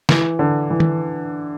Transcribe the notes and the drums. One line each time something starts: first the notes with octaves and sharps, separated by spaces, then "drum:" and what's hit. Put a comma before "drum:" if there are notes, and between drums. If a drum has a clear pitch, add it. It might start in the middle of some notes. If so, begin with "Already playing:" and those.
E3, drum: snare
D3
E3
drum: tom